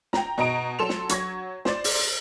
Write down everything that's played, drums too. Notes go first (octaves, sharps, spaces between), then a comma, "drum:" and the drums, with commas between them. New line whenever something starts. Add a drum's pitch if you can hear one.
G5 A#5, drum: snare
B2 D#5 A#5 D7
F#3 A4 C6 E7 F7
drum: snare
F#3 C#6 G#6 A#6, drum: hi-hat
C5 D5 A6, drum: snare
drum: open hi-hat